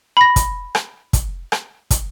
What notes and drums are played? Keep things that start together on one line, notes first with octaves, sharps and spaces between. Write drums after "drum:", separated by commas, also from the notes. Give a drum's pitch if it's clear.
B5 A#6
drum: kick, hi-hat
drum: rim click
drum: kick, hi-hat
drum: rim click
drum: kick, hi-hat